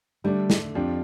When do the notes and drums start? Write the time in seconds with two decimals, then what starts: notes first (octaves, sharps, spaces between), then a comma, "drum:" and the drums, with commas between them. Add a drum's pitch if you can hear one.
0.24 D3 G3 A3 D4
0.50 drum: snare
0.75 F2 F3 D4 G4